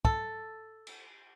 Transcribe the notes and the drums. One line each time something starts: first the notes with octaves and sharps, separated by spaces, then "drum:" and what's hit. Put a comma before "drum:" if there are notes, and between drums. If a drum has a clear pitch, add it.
A4, drum: kick
drum: cymbal